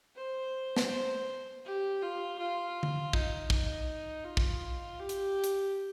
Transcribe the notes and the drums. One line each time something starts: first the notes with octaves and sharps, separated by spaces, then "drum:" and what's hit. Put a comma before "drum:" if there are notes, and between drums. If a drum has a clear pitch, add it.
C5
drum: snare
C5
G4
F4
F4
drum: tom D3
D#4, drum: kick
D#4, drum: kick
F4
drum: kick
G4
drum: hi-hat
drum: hi-hat